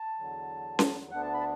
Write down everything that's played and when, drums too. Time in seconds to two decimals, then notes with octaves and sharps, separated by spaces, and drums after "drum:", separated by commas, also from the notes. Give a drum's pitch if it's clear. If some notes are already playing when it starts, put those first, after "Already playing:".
Already playing: A5
0.19 E2 D3 F#3
0.79 drum: snare C#4
1.11 D2 D3 B3 D4 F#5
1.22 A5
1.34 B5
1.40 A5